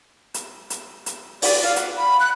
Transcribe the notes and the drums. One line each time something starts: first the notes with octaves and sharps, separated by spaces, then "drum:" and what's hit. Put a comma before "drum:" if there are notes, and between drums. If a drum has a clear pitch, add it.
drum: hi-hat
drum: hi-hat
drum: hi-hat
D5, drum: open hi-hat
F5
F#5, drum: hi-hat
B5
F#6